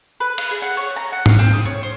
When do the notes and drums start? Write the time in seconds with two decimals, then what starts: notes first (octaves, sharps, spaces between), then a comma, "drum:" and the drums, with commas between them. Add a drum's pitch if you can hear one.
0.20 B4
0.38 F5, drum: cymbal
0.51 G#4
0.62 F#5
0.77 C#5
0.96 A#5
1.12 F#5
1.26 F5, drum: tom G#2
1.39 C4
1.53 D#6
1.65 C#5
1.83 C5